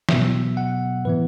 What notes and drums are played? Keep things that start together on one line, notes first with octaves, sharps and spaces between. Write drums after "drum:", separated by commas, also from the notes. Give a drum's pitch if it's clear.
B2 F#3 B3 E5, drum: snare
F#5
A2 E3 B3 B4